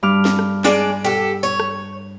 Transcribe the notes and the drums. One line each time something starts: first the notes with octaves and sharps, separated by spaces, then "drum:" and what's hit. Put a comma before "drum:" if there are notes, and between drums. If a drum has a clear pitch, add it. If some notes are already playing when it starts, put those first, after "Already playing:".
G2 D6 F6
drum: snare
drum: rim click
G#3 D4 D5, drum: snare
G4 A4
C#5
drum: rim click